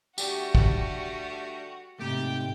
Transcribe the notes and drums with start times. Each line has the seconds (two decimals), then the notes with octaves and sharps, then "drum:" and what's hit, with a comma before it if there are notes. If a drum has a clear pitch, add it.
0.18 D3 G3 A3 F#4 G4, drum: tambourine
0.55 drum: kick
1.99 G#2 C3 A3 G4 G5